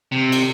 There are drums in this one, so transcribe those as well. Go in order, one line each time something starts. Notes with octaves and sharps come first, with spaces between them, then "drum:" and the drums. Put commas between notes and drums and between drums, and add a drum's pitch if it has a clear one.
C3
drum: cymbal